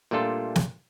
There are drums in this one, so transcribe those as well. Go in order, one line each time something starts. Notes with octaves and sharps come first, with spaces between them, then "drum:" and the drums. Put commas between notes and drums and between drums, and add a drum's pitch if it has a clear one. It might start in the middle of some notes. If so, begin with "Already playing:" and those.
A#2 G3 A3 D4 F4 A4
drum: snare